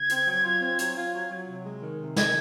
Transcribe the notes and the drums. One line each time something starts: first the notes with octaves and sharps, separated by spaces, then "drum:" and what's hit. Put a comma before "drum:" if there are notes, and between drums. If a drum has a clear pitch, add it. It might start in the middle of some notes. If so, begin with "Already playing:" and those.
Already playing: C#3 G#6
C4, drum: hi-hat
F#3
F4
C4
F#3, drum: hi-hat
F4
F#3
F#3
C3
G#3
D#3
C3
D#3 G#6, drum: snare